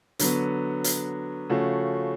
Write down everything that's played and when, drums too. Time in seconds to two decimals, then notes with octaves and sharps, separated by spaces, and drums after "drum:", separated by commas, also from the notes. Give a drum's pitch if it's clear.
0.19 D3 F#3 B3, drum: hi-hat
0.84 drum: hi-hat
1.50 C#3 F3 A3 C#4 F#4